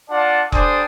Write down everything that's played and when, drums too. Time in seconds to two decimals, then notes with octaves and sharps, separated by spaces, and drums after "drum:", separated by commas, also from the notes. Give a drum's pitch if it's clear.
0.10 D4 F4 D5 F#5 A5
0.52 G3 D4 A4 C5 G#5 D#6, drum: kick F1